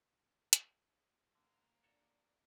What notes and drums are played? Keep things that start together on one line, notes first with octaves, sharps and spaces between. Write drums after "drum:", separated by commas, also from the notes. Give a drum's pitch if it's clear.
drum: hi-hat
D3 A#3
D4 F#4 A4 C#5 D5